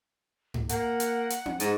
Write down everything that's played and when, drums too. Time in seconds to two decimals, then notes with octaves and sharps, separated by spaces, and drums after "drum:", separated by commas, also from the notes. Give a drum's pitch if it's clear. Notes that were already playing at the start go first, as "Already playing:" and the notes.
0.54 drum: tom G#2
0.69 A#3 F#5, drum: hi-hat
1.00 drum: hi-hat
1.30 drum: hi-hat
1.46 drum: tom C4
1.60 G#2, drum: hi-hat